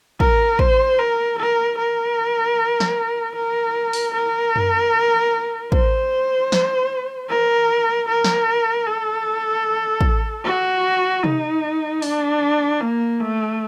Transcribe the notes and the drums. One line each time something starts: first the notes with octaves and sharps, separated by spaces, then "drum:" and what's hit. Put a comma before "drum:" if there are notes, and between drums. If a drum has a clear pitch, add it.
A#4, drum: kick
C5, drum: kick
A#4
A#4
A#4
drum: snare
A#4
drum: open hi-hat
A#4
drum: tom F#2
C5, drum: kick
drum: snare
A#4
A#4
drum: snare
A4
drum: kick
F#4
D#4, drum: tom C3
D4, drum: open hi-hat
A#3
A3